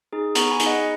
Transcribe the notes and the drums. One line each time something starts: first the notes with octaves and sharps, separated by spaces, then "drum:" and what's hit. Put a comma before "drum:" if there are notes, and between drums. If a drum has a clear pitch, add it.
D#4 G#4
B3 A#5 C#6, drum: hi-hat
G#5 B5
D#4 G#4, drum: hi-hat
D#5 F#5